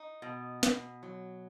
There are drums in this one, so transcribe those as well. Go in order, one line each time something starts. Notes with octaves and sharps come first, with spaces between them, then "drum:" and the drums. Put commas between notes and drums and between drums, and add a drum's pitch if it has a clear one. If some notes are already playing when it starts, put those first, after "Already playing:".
Already playing: D#4
B2
B2, drum: snare
F#3